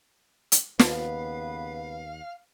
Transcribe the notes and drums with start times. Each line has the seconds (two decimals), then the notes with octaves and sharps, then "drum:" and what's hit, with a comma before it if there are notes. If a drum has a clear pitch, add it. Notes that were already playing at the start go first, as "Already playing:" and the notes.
0.52 drum: hi-hat
0.79 D#2 C#3 B3 B4 F5, drum: snare